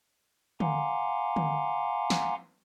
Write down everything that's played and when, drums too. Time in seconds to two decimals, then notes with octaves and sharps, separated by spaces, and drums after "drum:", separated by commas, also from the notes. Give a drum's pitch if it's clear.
0.60 F5 F#5 G#5 A#5 C6 D6, drum: tom D3
1.36 drum: tom D3
2.10 drum: snare